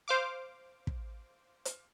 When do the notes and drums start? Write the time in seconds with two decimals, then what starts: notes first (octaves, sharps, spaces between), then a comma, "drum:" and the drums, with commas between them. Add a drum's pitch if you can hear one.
0.08 C5 F5 D6
0.87 drum: kick
1.65 drum: hi-hat